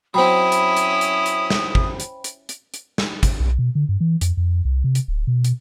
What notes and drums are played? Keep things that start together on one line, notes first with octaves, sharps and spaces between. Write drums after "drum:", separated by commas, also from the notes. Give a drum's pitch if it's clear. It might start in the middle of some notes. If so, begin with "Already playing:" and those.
F#3 C4 C#4 E4 C5 G5 B5 D#6
drum: hi-hat
drum: hi-hat
drum: hi-hat
drum: hi-hat
drum: snare
drum: kick
drum: hi-hat
drum: hi-hat
drum: hi-hat
drum: hi-hat
drum: snare
drum: kick, hi-hat
B1
B2
D3
G2
E3
F2, drum: hi-hat
F2
C2
C3
drum: hi-hat
D1
B2
drum: hi-hat